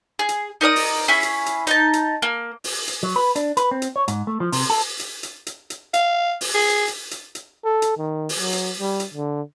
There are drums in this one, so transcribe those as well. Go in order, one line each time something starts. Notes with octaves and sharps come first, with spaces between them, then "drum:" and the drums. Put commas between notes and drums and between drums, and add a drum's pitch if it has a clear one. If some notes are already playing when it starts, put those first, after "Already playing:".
G#4
drum: hi-hat
D#4 A#4 D5 D#6
drum: open hi-hat
C#4 E4 G#4
drum: hi-hat
drum: hi-hat
D#4 A5, drum: hi-hat
drum: hi-hat
A#3
drum: open hi-hat
drum: hi-hat
F#3
B4
D4, drum: hi-hat
B4, drum: hi-hat
C4
drum: hi-hat
C#5
G#2, drum: hi-hat
A3
F3
C3, drum: open hi-hat
A4
drum: hi-hat
drum: hi-hat
drum: hi-hat
drum: hi-hat
F5, drum: hi-hat
drum: open hi-hat
G#4
drum: hi-hat
drum: hi-hat
drum: hi-hat
A4
drum: hi-hat
D#3
drum: open hi-hat
F#3
drum: hi-hat
G3
drum: hi-hat
D3